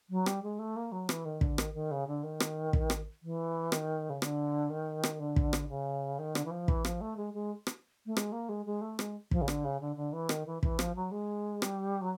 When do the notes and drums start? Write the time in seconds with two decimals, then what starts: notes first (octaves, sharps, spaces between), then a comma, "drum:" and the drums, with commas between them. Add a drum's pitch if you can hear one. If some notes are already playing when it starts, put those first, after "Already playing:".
0.10 F#3
0.26 G3, drum: rim click
0.43 G#3
0.59 A3
0.76 A#3
0.92 F#3
1.09 E3, drum: rim click
1.25 D#3
1.41 D3, drum: kick
1.58 D#3, drum: rim click
1.74 D#3
1.91 C#3
2.07 D3
2.23 D#3
2.40 drum: rim click
2.73 drum: kick
2.90 drum: rim click
3.23 E3
3.72 D#3, drum: rim click
4.10 C#3
4.22 D3, drum: rim click
4.70 D#3
5.03 drum: rim click
5.20 D3
5.36 drum: kick
5.53 drum: rim click
5.69 C#3
6.19 D#3
6.35 D3, drum: rim click
6.45 E3
6.51 F3
6.68 E3, drum: kick
6.85 F3, drum: rim click
7.01 A3
7.17 G#3
7.34 G#3
7.67 drum: rim click
8.06 A3
8.17 G#3, drum: rim click
8.32 A#3
8.49 G#3
8.66 G#3
8.81 A3
8.99 G#3, drum: rim click
9.31 F3, drum: kick
9.42 C#3
9.48 D3, drum: rim click
9.65 C#3
9.81 D3
9.96 D3
10.13 E3
10.29 D#3, drum: rim click
10.46 E3
10.63 E3, drum: kick
10.79 F3, drum: rim click
10.95 F#3
11.11 G#3
11.62 G3, drum: rim click
12.01 F#3